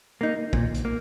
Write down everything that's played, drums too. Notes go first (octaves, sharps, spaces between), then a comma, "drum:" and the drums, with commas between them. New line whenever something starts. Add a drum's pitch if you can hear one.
A#3 D#4
A#2, drum: kick
drum: hi-hat
A#3